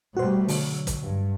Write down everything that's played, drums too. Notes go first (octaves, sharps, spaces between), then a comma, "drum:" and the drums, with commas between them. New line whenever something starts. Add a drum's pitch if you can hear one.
B2 G3 A3 F#4 C5
D3 F#3, drum: open hi-hat
drum: kick, hi-hat
G2